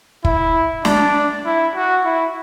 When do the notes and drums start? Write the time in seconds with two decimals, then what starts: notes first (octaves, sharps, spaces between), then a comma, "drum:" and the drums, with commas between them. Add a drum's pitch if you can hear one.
0.25 E4, drum: kick
0.85 D4, drum: snare
1.45 E4
1.75 F#4
2.05 E4